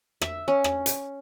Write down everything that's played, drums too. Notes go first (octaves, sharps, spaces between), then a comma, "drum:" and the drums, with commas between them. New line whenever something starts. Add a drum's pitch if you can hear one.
E5, drum: rim click
C#4
drum: rim click
drum: hi-hat